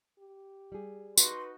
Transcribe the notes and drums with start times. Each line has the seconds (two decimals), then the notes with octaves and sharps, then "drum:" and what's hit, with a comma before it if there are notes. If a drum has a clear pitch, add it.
0.18 G4
0.72 G3 G#4
1.18 D#4 F#4 B4 C6, drum: tambourine